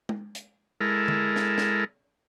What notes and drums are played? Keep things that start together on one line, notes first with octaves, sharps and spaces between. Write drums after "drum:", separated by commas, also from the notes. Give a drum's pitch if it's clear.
drum: tom G#3
drum: hi-hat
G#3 E4 A4 A#4
drum: tom D3
drum: snare
drum: snare